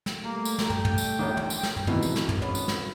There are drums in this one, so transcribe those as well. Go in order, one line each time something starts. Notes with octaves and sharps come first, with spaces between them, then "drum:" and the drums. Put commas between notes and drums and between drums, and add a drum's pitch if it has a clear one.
drum: snare
G3 A3 A#3
drum: tambourine
drum: snare
G5, drum: tom
drum: tom
drum: tambourine
A#1 C#5
drum: tom
drum: tambourine
drum: snare
drum: tom
G#1 D#2 B2 E3, drum: tom
drum: tambourine
drum: snare
drum: tom
B3 C#4, drum: tom
drum: tambourine
drum: snare